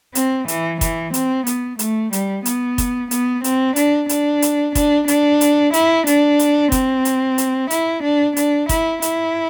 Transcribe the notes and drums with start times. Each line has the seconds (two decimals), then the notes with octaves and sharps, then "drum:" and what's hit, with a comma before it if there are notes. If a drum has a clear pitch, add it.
0.15 C4, drum: hi-hat
0.48 E3, drum: hi-hat
0.81 E3, drum: kick, hi-hat
1.14 C4, drum: hi-hat
1.47 B3, drum: hi-hat
1.79 A3, drum: hi-hat
2.13 G3, drum: hi-hat
2.45 B3, drum: hi-hat
2.78 drum: kick, hi-hat
3.11 B3, drum: hi-hat
3.44 C4, drum: hi-hat
3.76 D4, drum: hi-hat
4.09 D4, drum: hi-hat
4.42 drum: hi-hat
4.75 D4, drum: kick, hi-hat
5.08 D4, drum: hi-hat
5.41 drum: hi-hat
5.74 E4, drum: hi-hat
6.07 D4, drum: hi-hat
6.39 drum: hi-hat
6.72 C4, drum: kick, hi-hat
7.05 drum: hi-hat
7.38 drum: hi-hat
7.70 E4, drum: hi-hat
8.03 D4
8.37 D4, drum: hi-hat
8.69 E4, drum: kick, hi-hat
9.02 E4, drum: hi-hat